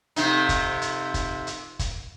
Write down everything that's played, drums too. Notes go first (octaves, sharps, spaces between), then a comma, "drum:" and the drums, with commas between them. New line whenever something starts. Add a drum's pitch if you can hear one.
F2 C3 D#4, drum: hi-hat
drum: kick, hi-hat
drum: hi-hat
drum: kick, hi-hat
drum: hi-hat
drum: kick, hi-hat